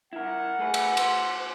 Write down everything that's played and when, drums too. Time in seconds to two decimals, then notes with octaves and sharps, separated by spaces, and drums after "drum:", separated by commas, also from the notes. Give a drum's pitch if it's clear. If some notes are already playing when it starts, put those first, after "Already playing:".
0.13 E4 A#4 F#5
0.59 A3 G#4 B4
0.74 drum: cymbal
0.97 C5, drum: cymbal